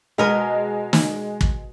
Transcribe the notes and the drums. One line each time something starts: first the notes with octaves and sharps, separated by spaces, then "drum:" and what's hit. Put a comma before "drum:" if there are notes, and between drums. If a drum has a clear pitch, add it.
B2 G#3 A#4 D#5
drum: snare
drum: kick